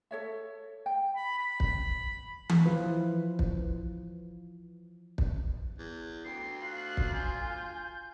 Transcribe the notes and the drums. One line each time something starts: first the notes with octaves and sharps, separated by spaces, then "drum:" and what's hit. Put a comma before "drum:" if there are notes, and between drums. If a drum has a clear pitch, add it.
A4 C#5 E5
G5
B5
B5
drum: kick
drum: tom E3
E3 F3 F4 B4
drum: kick
drum: kick
E2
D2 G5 C7
F4 F#6
drum: kick
G#5 G6